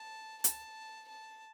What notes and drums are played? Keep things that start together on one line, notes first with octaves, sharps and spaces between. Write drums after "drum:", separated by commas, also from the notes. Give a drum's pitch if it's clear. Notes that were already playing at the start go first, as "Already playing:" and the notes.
Already playing: A5
A5, drum: hi-hat
A5